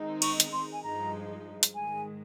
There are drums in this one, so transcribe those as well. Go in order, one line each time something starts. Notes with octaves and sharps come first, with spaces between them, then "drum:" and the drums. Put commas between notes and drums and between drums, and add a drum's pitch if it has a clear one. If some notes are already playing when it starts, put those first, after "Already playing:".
Already playing: D#3 G#3 C4 D#4
C#6, drum: cymbal
drum: hi-hat
C6
G#5
G2 F3 G#3 D#4 A#5
drum: hi-hat
G#2 D#3 G#3 G#5